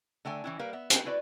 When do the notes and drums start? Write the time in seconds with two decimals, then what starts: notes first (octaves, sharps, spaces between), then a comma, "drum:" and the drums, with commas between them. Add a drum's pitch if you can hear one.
0.25 D3 A3 G5 G#5
0.44 E3 C#4 E4
0.59 G3 A#3 A#4 B4 F5
0.73 B3 E5
0.90 C4 B4, drum: hi-hat
1.05 E4 F#4 B4 D5